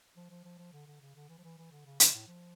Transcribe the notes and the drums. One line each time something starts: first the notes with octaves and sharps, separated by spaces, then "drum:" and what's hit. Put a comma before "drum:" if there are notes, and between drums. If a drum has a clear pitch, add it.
F3
F3
F3
F3
D3
D3
C#3
D3
E3
F3
E3
E3
D3
C#3
C#3, drum: hi-hat
A2
F3